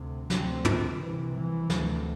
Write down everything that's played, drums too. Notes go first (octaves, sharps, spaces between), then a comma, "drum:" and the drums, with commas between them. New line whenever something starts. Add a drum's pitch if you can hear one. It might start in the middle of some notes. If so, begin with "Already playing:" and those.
Already playing: D2 C3
D2 C3 C4, drum: snare
drum: tom
C2 C3 E3
E3
D2 C3, drum: snare